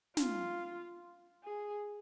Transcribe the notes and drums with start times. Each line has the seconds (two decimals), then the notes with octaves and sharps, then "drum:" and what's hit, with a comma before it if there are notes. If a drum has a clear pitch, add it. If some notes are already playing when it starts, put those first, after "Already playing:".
0.17 F4, drum: snare
1.44 G#4